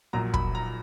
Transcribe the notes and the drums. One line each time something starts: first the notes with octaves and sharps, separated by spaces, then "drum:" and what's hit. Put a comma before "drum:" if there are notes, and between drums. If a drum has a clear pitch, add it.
A#1 A#2 F#3 A#5
B5, drum: kick
A#5